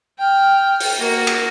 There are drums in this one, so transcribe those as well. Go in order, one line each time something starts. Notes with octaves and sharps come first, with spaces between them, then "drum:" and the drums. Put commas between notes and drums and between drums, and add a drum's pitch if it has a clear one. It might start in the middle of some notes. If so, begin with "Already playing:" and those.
G5 F6
drum: open hi-hat
A#3 F#4
drum: cymbal